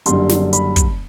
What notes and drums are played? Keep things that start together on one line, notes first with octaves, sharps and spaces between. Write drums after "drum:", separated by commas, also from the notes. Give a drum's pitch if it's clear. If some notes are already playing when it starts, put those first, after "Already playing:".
F#1 F#2 D3 G3 C6, drum: hi-hat
drum: snare
B5, drum: hi-hat
drum: kick, hi-hat